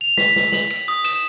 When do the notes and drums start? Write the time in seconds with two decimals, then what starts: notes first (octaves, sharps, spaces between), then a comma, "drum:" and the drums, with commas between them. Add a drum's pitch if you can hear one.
0.01 F7
0.18 B6, drum: snare
0.36 drum: snare
0.52 F#7, drum: snare
0.70 drum: cymbal
0.88 D#6
1.05 E7, drum: cymbal